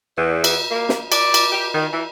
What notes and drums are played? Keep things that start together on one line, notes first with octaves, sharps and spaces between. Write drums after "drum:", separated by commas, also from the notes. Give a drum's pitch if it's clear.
E2
drum: cymbal
A#3
drum: snare
D5, drum: cymbal
drum: cymbal
G4
D#3
E3